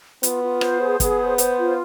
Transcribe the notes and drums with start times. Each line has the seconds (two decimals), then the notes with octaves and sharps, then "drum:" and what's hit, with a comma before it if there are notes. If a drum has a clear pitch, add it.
0.23 B3 F4, drum: hi-hat
0.43 F4
0.61 C5, drum: rim click
0.80 G#4
1.00 B3 G#4, drum: kick, hi-hat
1.19 C5
1.38 C5, drum: hi-hat
1.58 F4